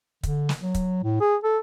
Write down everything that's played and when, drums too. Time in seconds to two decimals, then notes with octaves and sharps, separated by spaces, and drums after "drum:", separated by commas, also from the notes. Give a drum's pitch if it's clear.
0.23 D3, drum: kick, hi-hat
0.49 drum: snare
0.61 F#3
0.74 drum: kick, hi-hat
1.03 A2
1.20 G#4
1.44 A4